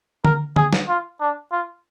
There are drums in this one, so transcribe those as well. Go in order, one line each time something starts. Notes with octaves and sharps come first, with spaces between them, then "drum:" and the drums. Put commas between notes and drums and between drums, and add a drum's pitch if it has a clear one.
A#4, drum: tom D3
G#4, drum: tom D3
drum: snare
F4
D4
F4